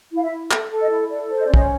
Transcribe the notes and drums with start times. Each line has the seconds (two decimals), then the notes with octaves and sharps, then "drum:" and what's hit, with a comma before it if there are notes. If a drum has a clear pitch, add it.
0.12 E4 F5
0.22 E5
0.31 E4
0.51 A4 E5, drum: clap
0.70 A4
0.80 D#5
0.90 E4
1.09 A4 D5
1.29 C5
1.39 D#5
1.46 C#4 D5
1.54 D#5, drum: kick